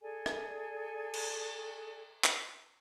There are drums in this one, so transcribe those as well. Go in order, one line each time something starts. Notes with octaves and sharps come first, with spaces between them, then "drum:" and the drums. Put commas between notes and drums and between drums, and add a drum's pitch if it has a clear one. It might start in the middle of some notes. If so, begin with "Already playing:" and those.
G#4 A4 D5 G#5
drum: rim click
drum: cymbal
drum: clap